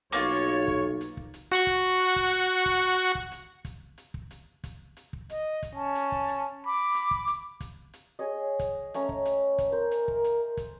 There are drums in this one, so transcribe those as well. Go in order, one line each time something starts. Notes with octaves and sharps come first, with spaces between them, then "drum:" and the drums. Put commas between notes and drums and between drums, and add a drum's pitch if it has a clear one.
B1 A#3 F4 C#5
drum: hi-hat
drum: kick
drum: hi-hat
drum: kick
drum: hi-hat
F#4 F#5 C#6
drum: kick, hi-hat
drum: hi-hat
drum: kick
drum: hi-hat
drum: kick, hi-hat
drum: kick
drum: hi-hat
drum: kick, hi-hat
drum: hi-hat
drum: kick
drum: hi-hat
drum: kick, hi-hat
drum: hi-hat
drum: kick
D#5, drum: hi-hat
drum: kick, hi-hat
C#4 A5
drum: hi-hat
drum: kick
drum: hi-hat
B5 D6
drum: hi-hat
drum: kick
drum: hi-hat
drum: kick, hi-hat
drum: hi-hat
G#4 C#5 D#5
drum: kick, hi-hat
A3 C#4 A#5, drum: hi-hat
drum: kick
drum: hi-hat
drum: kick, hi-hat
A#4 C5
drum: hi-hat
drum: kick
drum: hi-hat
drum: kick, hi-hat